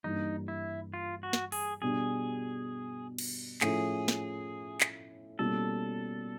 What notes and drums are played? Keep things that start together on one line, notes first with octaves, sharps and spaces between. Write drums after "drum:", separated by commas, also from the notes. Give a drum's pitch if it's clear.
G2 E3 G3 A#3 D4 D#4
E4
F4
F#4
drum: snare
G#4, drum: open hi-hat
B2 G3 B3 D4 G4 G#4
drum: cymbal
A2 F3 A3 C#4 E4 G#4, drum: clap
drum: snare
drum: clap
B2 G3 A#3 C#4 E4 A4